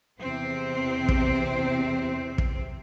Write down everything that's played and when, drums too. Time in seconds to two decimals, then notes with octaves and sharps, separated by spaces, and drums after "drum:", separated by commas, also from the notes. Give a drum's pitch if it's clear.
0.22 E2 C3 C4
1.09 drum: kick
2.38 drum: kick